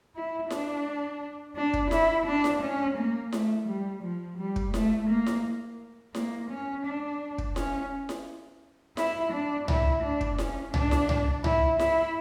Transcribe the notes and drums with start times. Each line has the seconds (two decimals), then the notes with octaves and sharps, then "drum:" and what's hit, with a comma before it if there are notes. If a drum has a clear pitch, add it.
0.15 E4
0.50 D4, drum: snare E4
1.56 D4
1.73 drum: kick
1.91 E4, drum: snare E4
2.26 D4
2.44 drum: snare E4
2.62 C#4
2.97 A#3
3.32 A3, drum: snare E4
3.67 G3
4.03 F3
4.38 G3
4.56 drum: kick
4.74 A3, drum: snare E4
5.09 A#3
5.26 drum: snare E4
6.15 A#3, drum: snare E4
6.50 C#4
6.86 D4
7.38 drum: kick
7.56 C#4, drum: snare E4
8.09 drum: snare E4
8.97 E4, drum: snare E4
9.32 D4
9.68 E4, drum: tom C2
10.03 D4
10.21 drum: kick
10.38 C#4, drum: snare E4
10.74 D4, drum: tom C2
10.91 drum: snare E4
11.09 drum: tom C2
11.44 E4, drum: tom C2
11.79 E4, drum: snare E4